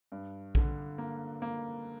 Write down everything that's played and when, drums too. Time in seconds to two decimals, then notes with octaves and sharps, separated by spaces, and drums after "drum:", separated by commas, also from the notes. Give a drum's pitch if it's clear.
0.12 G2
0.55 D3, drum: kick
0.98 A#3
1.42 A#3